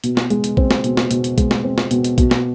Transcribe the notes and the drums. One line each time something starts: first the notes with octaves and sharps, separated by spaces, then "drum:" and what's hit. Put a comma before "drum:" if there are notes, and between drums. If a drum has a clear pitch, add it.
B2, drum: hi-hat
drum: snare
G#3, drum: hi-hat
drum: hi-hat
C4, drum: kick A#1
drum: snare
B2, drum: hi-hat
drum: snare
B2, drum: hi-hat
drum: hi-hat
G#3, drum: kick A#1, hi-hat
drum: snare
C4
drum: snare
B2, drum: hi-hat
drum: hi-hat
B2, drum: kick A#1, hi-hat
drum: snare